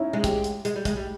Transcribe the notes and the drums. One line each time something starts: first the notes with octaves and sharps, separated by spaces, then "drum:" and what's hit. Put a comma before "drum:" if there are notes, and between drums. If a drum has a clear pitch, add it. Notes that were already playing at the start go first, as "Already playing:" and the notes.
Already playing: C#4 D#4 E4
G#3
G4, drum: kick, hi-hat
drum: hi-hat
G#3, drum: hi-hat
G3
G#3, drum: kick, hi-hat
G3